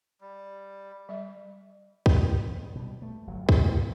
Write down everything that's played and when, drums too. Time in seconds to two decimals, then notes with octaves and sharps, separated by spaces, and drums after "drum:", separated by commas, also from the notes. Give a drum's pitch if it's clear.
0.21 G3
1.09 G3 E5
2.06 drum: kick
2.75 B2 G3
3.02 A3
3.27 G1 F#3
3.49 C#2 A#3 C4, drum: kick